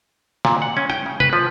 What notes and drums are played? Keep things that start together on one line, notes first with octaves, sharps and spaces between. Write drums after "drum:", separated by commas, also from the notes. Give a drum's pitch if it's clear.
A#2, drum: snare
F#5
C#4
G5, drum: rim click
C#3
B4, drum: tom
F3